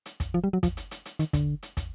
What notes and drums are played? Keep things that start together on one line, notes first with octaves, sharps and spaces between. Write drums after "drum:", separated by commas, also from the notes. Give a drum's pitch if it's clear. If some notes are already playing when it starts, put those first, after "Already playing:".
drum: hi-hat
drum: kick, hi-hat
F3
G3
F#3
F3, drum: kick, hi-hat
drum: hi-hat
drum: hi-hat
drum: hi-hat
D#3, drum: hi-hat
D3, drum: kick, hi-hat
drum: hi-hat
drum: kick, hi-hat